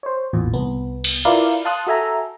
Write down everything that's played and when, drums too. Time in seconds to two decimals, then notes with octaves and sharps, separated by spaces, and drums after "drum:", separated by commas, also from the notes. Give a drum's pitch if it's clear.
0.03 C5 C#5
0.33 A1 E2 A#2
0.53 C2 B3
1.04 drum: cymbal
1.25 E4 F4 A#4 B4 D5 F5
1.65 F5 A5 C6 D#6 F#6
1.87 F#4 A4 E5 G#5 A#5